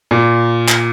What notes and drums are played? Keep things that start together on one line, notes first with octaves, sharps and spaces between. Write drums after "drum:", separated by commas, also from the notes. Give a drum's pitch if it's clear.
A#2
drum: clap